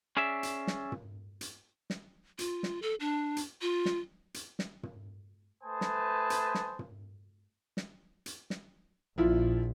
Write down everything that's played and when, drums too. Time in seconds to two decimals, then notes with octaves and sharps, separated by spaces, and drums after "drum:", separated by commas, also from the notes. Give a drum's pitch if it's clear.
0.17 C#4 G#4 D5 E5
0.43 drum: hi-hat
0.67 drum: snare
0.92 drum: tom
1.41 drum: hi-hat
1.90 drum: snare
2.39 F4, drum: hi-hat
2.63 drum: snare
2.82 A4
3.00 D4
3.37 drum: hi-hat
3.62 F4
3.85 drum: snare
4.34 drum: hi-hat
4.59 drum: snare
4.83 drum: tom
5.64 A3 B4 C5 G#5 A5 D#6
5.81 drum: snare
6.30 drum: hi-hat
6.55 drum: snare
6.79 drum: tom
7.77 drum: snare
8.26 drum: hi-hat
8.50 drum: snare
9.18 A#1 F3 E4 F4